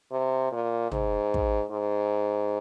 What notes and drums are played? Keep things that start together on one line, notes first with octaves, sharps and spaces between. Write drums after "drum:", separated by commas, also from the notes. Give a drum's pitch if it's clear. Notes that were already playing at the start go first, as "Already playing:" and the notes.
C3
A#2
G#2, drum: tom
drum: kick
G#2